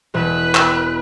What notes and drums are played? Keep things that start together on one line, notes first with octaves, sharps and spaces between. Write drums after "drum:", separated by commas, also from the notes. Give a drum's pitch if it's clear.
E1 B4 F#6 E7
drum: clap